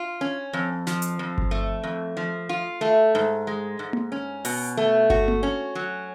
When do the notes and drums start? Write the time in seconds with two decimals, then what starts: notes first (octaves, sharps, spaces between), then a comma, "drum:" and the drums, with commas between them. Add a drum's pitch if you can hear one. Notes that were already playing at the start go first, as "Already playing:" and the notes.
Already playing: F4
0.21 C#4
0.53 F2
0.87 F3, drum: snare
1.02 drum: hi-hat
1.19 F2
1.38 drum: kick G1
1.51 A3
1.83 F2
2.17 F3
2.49 F4
2.81 A3
3.15 G#2
3.47 G#3
3.79 G#2
3.93 drum: tom A#3
4.12 C#4
4.45 B2, drum: open hi-hat
4.77 A3
5.10 F#4, drum: kick G1
5.28 drum: tom A#3
5.43 C#4
5.75 F#3